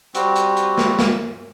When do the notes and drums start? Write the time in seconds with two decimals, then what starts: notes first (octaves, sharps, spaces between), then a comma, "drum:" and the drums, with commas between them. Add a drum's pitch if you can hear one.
0.15 G3 C4 F#4, drum: hi-hat
0.36 drum: hi-hat
0.57 drum: hi-hat
0.78 drum: snare
0.99 drum: snare